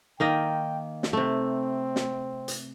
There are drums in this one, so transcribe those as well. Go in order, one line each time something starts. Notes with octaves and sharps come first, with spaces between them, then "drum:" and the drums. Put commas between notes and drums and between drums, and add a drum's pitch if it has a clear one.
D#3 A#3 D#5 G5
drum: snare
C3 A3 C4
drum: snare
drum: hi-hat